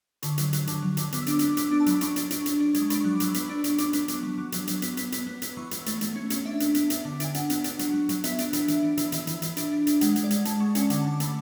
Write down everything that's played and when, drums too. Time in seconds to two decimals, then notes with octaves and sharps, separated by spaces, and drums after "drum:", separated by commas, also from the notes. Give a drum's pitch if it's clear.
0.23 D3 C#6, drum: hi-hat
0.38 F#3, drum: hi-hat
0.53 F#3, drum: hi-hat
0.67 D3, drum: hi-hat
0.83 F#3
0.97 D3, drum: hi-hat
1.12 B3 D6, drum: hi-hat
1.21 E6
1.27 D4 D6, drum: hi-hat
1.39 B3 E6, drum: hi-hat
1.49 D6
1.57 B3 E6, drum: hi-hat
1.67 D4 D6
1.80 A5
1.86 F#3 B5, drum: hi-hat
2.01 D4 C#6, drum: hi-hat
2.16 D4, drum: hi-hat
2.31 D4, drum: hi-hat
2.46 D4, drum: hi-hat
2.60 D4
2.74 G#3, drum: hi-hat
2.82 C#6
2.90 D4 B5, drum: hi-hat
3.01 F#3 C#6
3.12 D6
3.20 F#3 E6, drum: hi-hat
3.34 B3, drum: hi-hat
3.49 D4
3.64 D4, drum: hi-hat
3.70 C#6
3.78 D4 D6, drum: hi-hat
3.93 B3, drum: hi-hat
4.08 F#3, drum: hi-hat
4.23 F#3
4.38 F#3
4.52 F#3, drum: hi-hat
4.68 F#3, drum: hi-hat
4.82 B3, drum: hi-hat
4.97 B3, drum: hi-hat
5.12 B3, drum: hi-hat
5.27 B3
5.42 B3, drum: hi-hat
5.57 E3 C#6
5.71 E3, drum: hi-hat
5.86 A3, drum: hi-hat
6.01 A3, drum: hi-hat
6.16 C#4
6.30 C#4, drum: hi-hat
6.45 D4 E5
6.60 B3, drum: hi-hat
6.75 B3, drum: hi-hat
6.90 D4, drum: hi-hat
7.05 D3
7.20 D4 G#5, drum: hi-hat
7.34 D4 F#5, drum: hi-hat
7.50 B3, drum: hi-hat
7.64 D4, drum: hi-hat
7.79 F#3, drum: hi-hat
7.94 F#3
8.09 F#3, drum: hi-hat
8.24 B3 E5, drum: hi-hat
8.39 D4, drum: hi-hat
8.53 E3, drum: hi-hat
8.68 E3, drum: hi-hat
8.83 D4
8.97 E3, drum: hi-hat
9.12 E3 E5, drum: hi-hat
9.27 E3, drum: hi-hat
9.42 E3, drum: hi-hat
9.57 D4, drum: hi-hat
9.72 D4
9.87 D4, drum: hi-hat
10.01 G#3 F#5, drum: hi-hat
10.16 G#3, drum: hi-hat
10.24 D5
10.31 G#3, drum: hi-hat
10.45 G#3 A5, drum: hi-hat
10.60 G#3 C#6
10.75 C#4 G#5, drum: hi-hat
10.90 D3 F#5, drum: hi-hat
11.02 D3 A5
11.12 D6
11.20 A3 B5, drum: hi-hat